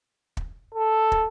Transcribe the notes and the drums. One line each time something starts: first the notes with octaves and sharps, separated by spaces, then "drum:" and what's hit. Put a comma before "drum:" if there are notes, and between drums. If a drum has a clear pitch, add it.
drum: kick
A4
drum: kick